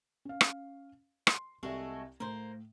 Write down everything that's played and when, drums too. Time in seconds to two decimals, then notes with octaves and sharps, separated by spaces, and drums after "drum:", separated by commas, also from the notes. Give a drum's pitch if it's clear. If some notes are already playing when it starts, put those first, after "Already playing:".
0.25 C#4 F5
0.41 drum: rim click
1.27 C6, drum: rim click
1.63 C2 G#3 A3 F#4
2.20 A2 A#3 C5